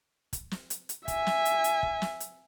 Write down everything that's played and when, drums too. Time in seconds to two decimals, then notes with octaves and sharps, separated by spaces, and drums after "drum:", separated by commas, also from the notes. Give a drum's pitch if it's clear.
0.33 drum: kick, hi-hat
0.51 drum: snare
0.70 drum: hi-hat
0.89 drum: hi-hat
1.08 E5 G#5, drum: kick, hi-hat
1.27 drum: snare
1.45 drum: hi-hat
1.64 drum: hi-hat
1.83 drum: kick
2.02 drum: snare
2.20 drum: hi-hat